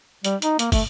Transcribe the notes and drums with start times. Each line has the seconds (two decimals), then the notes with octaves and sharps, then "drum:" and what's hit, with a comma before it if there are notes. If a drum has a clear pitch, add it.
0.24 G3, drum: hi-hat
0.42 D#4, drum: hi-hat
0.59 A#3, drum: hi-hat
0.72 A3, drum: kick, open hi-hat